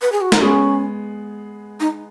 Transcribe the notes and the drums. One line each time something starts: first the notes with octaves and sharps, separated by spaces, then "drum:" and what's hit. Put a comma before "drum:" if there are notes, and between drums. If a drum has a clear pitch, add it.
B4
G#4
F#4
D#4, drum: snare
G#3 B3 C#4 G#4
D#4